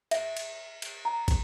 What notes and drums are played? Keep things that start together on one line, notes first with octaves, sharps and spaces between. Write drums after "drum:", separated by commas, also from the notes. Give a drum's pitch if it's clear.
E5, drum: cymbal
drum: cymbal
drum: cymbal
A#5
drum: kick, cymbal